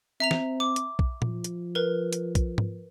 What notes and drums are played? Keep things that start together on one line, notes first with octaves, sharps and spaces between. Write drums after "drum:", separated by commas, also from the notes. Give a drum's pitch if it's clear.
C4 E5 A#5 F7
drum: snare
D6
drum: hi-hat
drum: kick
F3, drum: tom A#2
drum: hi-hat
A#4 B4
drum: hi-hat
drum: kick, hi-hat
drum: tom G#2